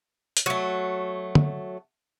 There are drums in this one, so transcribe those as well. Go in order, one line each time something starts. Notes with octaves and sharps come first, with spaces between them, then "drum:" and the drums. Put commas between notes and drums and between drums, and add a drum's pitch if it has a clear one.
drum: hi-hat
F#3 A3
drum: tom